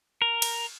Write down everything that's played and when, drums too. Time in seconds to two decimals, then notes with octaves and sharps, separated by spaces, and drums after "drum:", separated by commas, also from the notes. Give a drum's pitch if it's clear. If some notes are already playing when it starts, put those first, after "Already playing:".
0.22 A#4
0.42 drum: cymbal